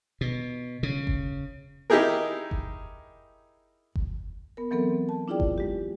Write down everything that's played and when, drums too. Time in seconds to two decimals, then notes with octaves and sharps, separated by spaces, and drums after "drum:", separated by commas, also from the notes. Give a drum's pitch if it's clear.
0.21 B2
0.83 C#3
1.07 drum: kick F#1
1.90 D#4 E4 G4 G#4 A#4
2.51 drum: kick F#1
3.95 drum: kick F#1
4.57 B3 A#4
4.71 E3 F#3 B3 C4 A4 A#4
5.09 A5
5.28 D4 E4 F4 G#4 D5 G5
5.40 drum: kick F#1
5.58 G#3 G4